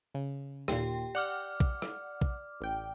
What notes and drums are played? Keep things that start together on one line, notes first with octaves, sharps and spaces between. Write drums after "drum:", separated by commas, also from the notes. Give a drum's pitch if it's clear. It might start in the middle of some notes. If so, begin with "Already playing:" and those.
C#3
D#2 A#2 G4 G5, drum: rim click
D5 F#5 D6 F6
drum: kick
drum: rim click
drum: kick
A1 G5